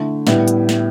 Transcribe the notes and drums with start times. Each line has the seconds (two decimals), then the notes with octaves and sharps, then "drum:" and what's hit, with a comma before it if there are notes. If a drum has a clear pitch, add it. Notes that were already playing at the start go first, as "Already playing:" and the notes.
Already playing: D3 A3 E4
0.27 A2 G3 B3 E4, drum: snare
0.48 drum: hi-hat
0.69 drum: snare